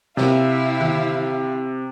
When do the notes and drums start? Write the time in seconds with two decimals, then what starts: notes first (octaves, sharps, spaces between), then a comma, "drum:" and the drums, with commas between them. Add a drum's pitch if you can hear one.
0.17 C3 E4 F5, drum: snare
0.80 drum: tom D#3